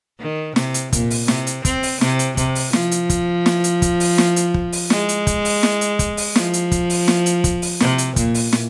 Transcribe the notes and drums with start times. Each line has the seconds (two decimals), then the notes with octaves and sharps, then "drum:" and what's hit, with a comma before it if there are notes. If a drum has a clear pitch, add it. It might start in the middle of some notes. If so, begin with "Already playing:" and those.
0.20 D#3
0.56 C3, drum: snare
0.74 drum: hi-hat
0.93 A#2, drum: kick, hi-hat
1.10 drum: open hi-hat
1.28 C3, drum: snare
1.47 drum: hi-hat
1.65 C4, drum: kick, hi-hat
1.83 drum: open hi-hat
2.01 C3, drum: snare
2.19 drum: hi-hat
2.37 C3, drum: kick, hi-hat
2.55 drum: open hi-hat
2.73 F3, drum: snare
2.91 drum: hi-hat
3.10 drum: kick, hi-hat
3.46 drum: snare
3.64 drum: hi-hat
3.82 drum: kick, hi-hat
4.00 drum: open hi-hat
4.18 drum: snare
4.36 drum: hi-hat
4.54 drum: kick
4.72 drum: open hi-hat
4.90 G#3, drum: snare
5.09 drum: hi-hat
5.27 drum: kick, hi-hat
5.45 drum: open hi-hat
5.63 drum: snare
5.81 drum: hi-hat
5.99 drum: kick, hi-hat
6.17 drum: open hi-hat
6.36 F3, drum: snare
6.53 drum: hi-hat
6.72 drum: kick, hi-hat
6.90 drum: open hi-hat
7.08 drum: snare
7.26 drum: hi-hat
7.44 drum: kick, hi-hat
7.62 drum: open hi-hat
7.80 C3, drum: snare
7.98 drum: hi-hat
8.16 A#2, drum: kick, hi-hat
8.34 drum: open hi-hat
8.53 drum: snare